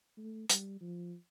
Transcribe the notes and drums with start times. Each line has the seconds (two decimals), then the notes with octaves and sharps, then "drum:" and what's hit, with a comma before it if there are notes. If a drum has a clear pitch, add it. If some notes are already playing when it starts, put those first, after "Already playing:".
0.17 A3
0.49 G3, drum: hi-hat
0.81 F3